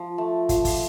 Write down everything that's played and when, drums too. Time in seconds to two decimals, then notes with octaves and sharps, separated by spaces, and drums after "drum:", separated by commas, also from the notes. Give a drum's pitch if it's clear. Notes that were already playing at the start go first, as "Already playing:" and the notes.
Already playing: F3
0.18 A3
0.49 F3, drum: kick, hi-hat
0.65 drum: kick, open hi-hat